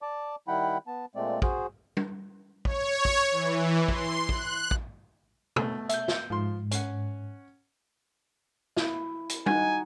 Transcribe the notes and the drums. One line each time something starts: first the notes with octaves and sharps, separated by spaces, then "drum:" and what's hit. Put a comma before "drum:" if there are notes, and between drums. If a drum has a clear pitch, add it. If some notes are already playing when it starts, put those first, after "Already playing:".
D5 A5 D6
D#3 G3 E4 F#5 G5 B5
B3 A5
A#2 G#3 A3 C4 D5
F#4 G#4 C5, drum: kick
drum: tom
C#5, drum: kick
drum: kick
E3
C6, drum: kick
F#6, drum: kick
drum: kick
B2 A3, drum: tom
E5 G6, drum: hi-hat
drum: snare
G#2 F3 C6
C#4 F#5, drum: hi-hat
E4, drum: snare
drum: hi-hat
D#4 F#4 F#5 G#5, drum: tom